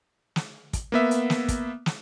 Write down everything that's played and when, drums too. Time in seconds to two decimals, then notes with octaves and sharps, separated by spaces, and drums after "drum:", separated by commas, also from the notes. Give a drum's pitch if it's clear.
0.36 drum: snare
0.73 drum: kick, hi-hat
0.92 A#3 B3 E5
1.11 drum: hi-hat
1.30 drum: snare
1.48 drum: kick, hi-hat
1.86 drum: snare